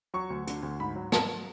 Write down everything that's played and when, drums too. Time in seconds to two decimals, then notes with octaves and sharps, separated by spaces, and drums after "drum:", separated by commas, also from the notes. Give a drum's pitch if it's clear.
0.14 F#3 C#6
0.30 D2
0.47 D3, drum: hi-hat
0.63 D2
0.80 G#2 B5
0.96 F#3
1.12 F#3 A5, drum: rim click